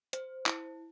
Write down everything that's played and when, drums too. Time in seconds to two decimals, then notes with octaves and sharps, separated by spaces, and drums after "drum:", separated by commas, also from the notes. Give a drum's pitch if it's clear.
0.13 C5, drum: hi-hat
0.46 E4, drum: clap